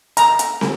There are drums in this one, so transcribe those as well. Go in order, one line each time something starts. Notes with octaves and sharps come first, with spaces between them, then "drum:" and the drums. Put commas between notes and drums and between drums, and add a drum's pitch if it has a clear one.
A#5, drum: hi-hat
drum: hi-hat
drum: snare